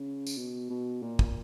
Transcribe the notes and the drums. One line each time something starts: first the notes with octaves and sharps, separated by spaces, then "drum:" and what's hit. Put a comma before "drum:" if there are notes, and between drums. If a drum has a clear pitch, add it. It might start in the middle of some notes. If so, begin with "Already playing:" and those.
Already playing: C#3
drum: tambourine
B2
B2
A#2
drum: kick